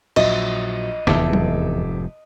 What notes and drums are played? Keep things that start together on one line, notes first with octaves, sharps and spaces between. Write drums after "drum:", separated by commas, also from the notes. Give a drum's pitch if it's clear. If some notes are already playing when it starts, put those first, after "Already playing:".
A#1 F#3 D#5 E5, drum: cymbal
F1 E2 G#2 E5 A5 D6, drum: snare
drum: tom F#3